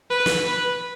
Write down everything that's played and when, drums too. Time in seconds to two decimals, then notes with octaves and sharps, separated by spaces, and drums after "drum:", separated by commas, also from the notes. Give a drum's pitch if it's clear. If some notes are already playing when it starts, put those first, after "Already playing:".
0.11 B4
0.26 drum: snare
0.48 B4